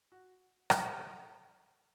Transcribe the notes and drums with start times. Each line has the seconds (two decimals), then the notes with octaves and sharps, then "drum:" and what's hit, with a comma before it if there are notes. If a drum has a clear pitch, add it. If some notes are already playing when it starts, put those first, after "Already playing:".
0.12 F#4
0.70 D5, drum: rim click
0.79 F#5
0.89 G4
0.99 A4